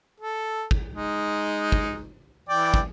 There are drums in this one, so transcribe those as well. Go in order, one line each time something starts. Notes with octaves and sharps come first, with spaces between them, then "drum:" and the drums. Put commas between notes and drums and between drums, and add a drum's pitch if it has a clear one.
A4
drum: kick
G#3 D#4
drum: kick
E3 D5 G5
drum: kick